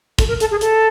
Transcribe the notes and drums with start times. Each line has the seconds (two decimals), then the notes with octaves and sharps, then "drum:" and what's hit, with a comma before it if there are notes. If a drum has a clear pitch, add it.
0.19 A4, drum: kick, hi-hat
0.28 A#4
0.40 A4, drum: hi-hat
0.51 G#4
0.61 A4, drum: hi-hat